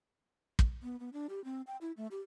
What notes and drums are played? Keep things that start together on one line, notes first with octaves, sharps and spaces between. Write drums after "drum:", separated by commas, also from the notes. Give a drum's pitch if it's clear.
drum: kick
B3
B3
D4
G4
C4
G5
E4
A3
G4